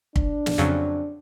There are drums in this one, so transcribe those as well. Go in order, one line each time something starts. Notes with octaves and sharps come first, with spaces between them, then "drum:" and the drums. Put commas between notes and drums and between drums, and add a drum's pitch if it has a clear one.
D4, drum: kick
drum: snare
F2 C#3 F#3